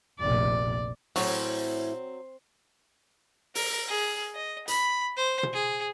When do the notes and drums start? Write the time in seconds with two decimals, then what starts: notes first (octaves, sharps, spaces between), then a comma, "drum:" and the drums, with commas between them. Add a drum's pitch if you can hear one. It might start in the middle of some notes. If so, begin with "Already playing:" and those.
0.20 F1 A#1 D5
1.16 A2 E3 F#3 C4, drum: open hi-hat
3.55 A#4, drum: open hi-hat
3.88 G#4
4.35 D#5
4.68 B5, drum: hi-hat
5.17 C5
5.43 drum: tom B2
5.53 G#4